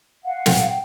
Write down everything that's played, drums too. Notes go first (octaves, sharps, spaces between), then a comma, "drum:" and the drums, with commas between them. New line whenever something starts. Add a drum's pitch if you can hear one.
F5 F#5
G5, drum: snare